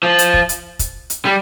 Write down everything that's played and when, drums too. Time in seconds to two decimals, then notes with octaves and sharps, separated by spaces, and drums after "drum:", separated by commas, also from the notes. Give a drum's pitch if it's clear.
0.03 F3
0.19 drum: hi-hat
0.34 drum: kick
0.49 drum: hi-hat
0.79 drum: kick, hi-hat
1.10 drum: hi-hat
1.25 G3